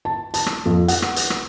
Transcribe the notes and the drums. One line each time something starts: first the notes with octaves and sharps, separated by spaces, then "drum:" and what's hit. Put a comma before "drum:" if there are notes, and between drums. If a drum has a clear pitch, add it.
A5
A5, drum: hi-hat
drum: rim click
F2
F#5, drum: hi-hat
drum: rim click
drum: hi-hat
drum: rim click